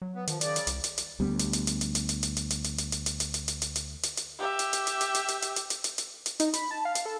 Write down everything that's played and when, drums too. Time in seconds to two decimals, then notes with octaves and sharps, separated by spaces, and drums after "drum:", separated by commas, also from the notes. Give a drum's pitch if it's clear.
0.02 F#3
0.15 B3
0.27 D#3 F3, drum: hi-hat
0.41 C#3 D5, drum: hi-hat
0.56 drum: hi-hat
0.67 C2, drum: hi-hat
0.84 drum: hi-hat
0.98 drum: hi-hat
1.20 D2 G3 B3
1.39 drum: hi-hat
1.53 drum: hi-hat
1.67 drum: hi-hat
1.81 drum: hi-hat
1.95 drum: hi-hat
2.09 drum: hi-hat
2.23 drum: hi-hat
2.37 drum: hi-hat
2.50 drum: hi-hat
2.64 drum: hi-hat
2.78 drum: hi-hat
2.92 drum: hi-hat
3.06 drum: hi-hat
3.20 drum: hi-hat
3.34 drum: hi-hat
3.48 drum: hi-hat
3.62 drum: hi-hat
3.76 drum: hi-hat
4.03 drum: hi-hat
4.17 drum: hi-hat
4.39 G4 E5
4.59 drum: hi-hat
4.73 drum: hi-hat
4.87 drum: hi-hat
5.01 drum: hi-hat
5.15 drum: hi-hat
5.28 drum: hi-hat
5.42 drum: hi-hat
5.56 drum: hi-hat
5.70 drum: hi-hat
5.84 drum: hi-hat
5.98 drum: hi-hat
6.26 drum: hi-hat
6.40 D#4, drum: hi-hat
6.54 B5, drum: hi-hat
6.71 A5
6.85 F5
6.95 drum: hi-hat
7.05 A4